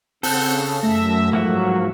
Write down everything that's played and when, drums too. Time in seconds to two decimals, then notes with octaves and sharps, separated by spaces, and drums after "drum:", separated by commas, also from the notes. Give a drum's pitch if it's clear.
0.23 C#3 C4 A4 F#5 G6, drum: open hi-hat
0.83 F#2 A3 E5 A#6
1.33 G#2 F3 F#3 A#3 F#4 E5